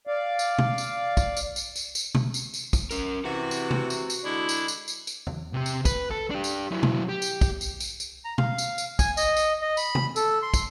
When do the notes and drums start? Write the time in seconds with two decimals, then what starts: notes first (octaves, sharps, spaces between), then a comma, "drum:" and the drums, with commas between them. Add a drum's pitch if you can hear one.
0.07 D5 F5
0.39 drum: tambourine
0.59 drum: tom B2
0.78 drum: tambourine
1.17 drum: kick, tambourine
1.37 drum: tambourine
1.56 drum: tambourine
1.76 drum: tambourine
1.95 drum: tambourine
2.15 drum: tom B2
2.34 drum: tambourine
2.54 drum: tambourine
2.73 drum: kick, tambourine
2.91 C#4 A#4, drum: tambourine
3.25 C3 E3 F#4 F#5
3.51 drum: tambourine
3.71 drum: tom C3
3.90 drum: tambourine
4.10 drum: tambourine
4.24 D3 G#3 D4 E4
4.49 drum: tambourine
4.68 drum: tambourine
4.88 drum: tambourine
5.07 drum: tambourine
5.27 drum: tom E2
5.53 C3 G4
5.66 drum: tambourine
5.85 B4, drum: kick, tambourine
6.11 A4
6.30 D4 G4
6.44 drum: tambourine
6.71 F#3 E4
6.83 drum: tom B2
7.09 G4
7.22 drum: tambourine
7.41 drum: kick, tambourine
7.61 drum: tambourine
7.80 drum: tambourine
8.00 drum: tambourine
8.25 A#5
8.38 F5, drum: tom B2
8.58 drum: tambourine
8.78 drum: tambourine
8.99 G#5, drum: kick, tambourine
9.17 D#5, drum: tambourine
9.37 drum: tambourine
9.62 D#5
9.77 B5, drum: tambourine
9.95 drum: tom C3
10.16 A4, drum: tambourine
10.42 C6
10.54 drum: kick, tambourine